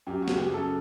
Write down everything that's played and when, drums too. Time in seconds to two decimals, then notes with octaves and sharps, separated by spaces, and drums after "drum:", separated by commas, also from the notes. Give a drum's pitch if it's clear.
0.07 F#2 G4
0.22 F#4
0.28 C#3, drum: snare
0.38 G4
0.49 F#2 A4